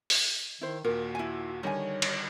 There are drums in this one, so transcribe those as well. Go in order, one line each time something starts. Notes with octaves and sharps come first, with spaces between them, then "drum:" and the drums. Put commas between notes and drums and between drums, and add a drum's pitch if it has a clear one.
drum: open hi-hat
D#3 E4 C5
D#2 A#2 F#4 A#4
E4 G#5
D3 D#3 G3 D#4 C#5 G#5
drum: cymbal